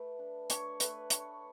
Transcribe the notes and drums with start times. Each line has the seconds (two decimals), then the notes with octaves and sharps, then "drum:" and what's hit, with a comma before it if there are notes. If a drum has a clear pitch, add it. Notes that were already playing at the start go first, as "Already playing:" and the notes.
Already playing: A3 B4
0.19 D4
0.50 D4 C#5, drum: hi-hat
0.80 A3 B4, drum: hi-hat
1.10 D4 C#5, drum: hi-hat